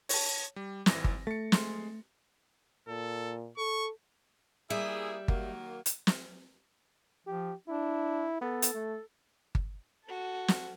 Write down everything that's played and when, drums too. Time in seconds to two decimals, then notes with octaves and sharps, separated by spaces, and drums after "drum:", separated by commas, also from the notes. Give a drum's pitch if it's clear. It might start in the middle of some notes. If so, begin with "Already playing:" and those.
0.09 C#5 A5, drum: open hi-hat
0.56 G3
0.86 G#1 E3 A#6, drum: snare
1.04 drum: kick G1
1.27 A3 A6 C#7
1.52 G#3 C6, drum: snare
2.88 A#2 A4
3.58 A4 C#6
4.70 G3 A#3 E4 G#4 E5
5.28 D#3 F#3 A#3, drum: kick G1
5.86 drum: hi-hat
6.07 drum: snare
7.27 F3 G4
7.68 D4 E4
8.41 B3 A4
8.62 drum: hi-hat
8.74 A3
9.55 drum: kick G1
10.04 F#4 A4
10.48 drum: snare